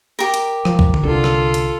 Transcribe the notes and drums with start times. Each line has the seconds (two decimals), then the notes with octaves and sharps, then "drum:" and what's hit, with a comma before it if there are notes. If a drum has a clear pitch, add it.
0.19 G4 A#4
0.34 drum: hi-hat
0.65 F3, drum: rim click
0.79 drum: kick
0.94 drum: tom D3
1.03 C2 D3 F4 A4
1.24 drum: rim click
1.54 drum: hi-hat